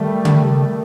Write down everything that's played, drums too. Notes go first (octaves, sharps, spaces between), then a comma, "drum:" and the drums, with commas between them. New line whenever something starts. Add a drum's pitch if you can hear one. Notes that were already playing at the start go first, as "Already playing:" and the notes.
Already playing: D#3 G3 A3
drum: tom C#3